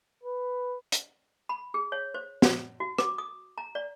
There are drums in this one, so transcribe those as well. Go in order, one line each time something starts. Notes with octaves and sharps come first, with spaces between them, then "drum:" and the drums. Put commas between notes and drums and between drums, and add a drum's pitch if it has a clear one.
B4
drum: hi-hat
B5
G#4
C#5
C5
drum: snare
F#4
D6, drum: rim click
D#6
A#5
D5